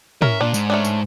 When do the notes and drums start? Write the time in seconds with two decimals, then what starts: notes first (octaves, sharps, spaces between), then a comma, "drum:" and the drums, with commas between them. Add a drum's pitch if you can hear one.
0.22 C#4 A#4 E5, drum: tom
0.41 A#2 D4
0.54 G#2, drum: tambourine
0.70 A3 C#4 D4
0.85 drum: tambourine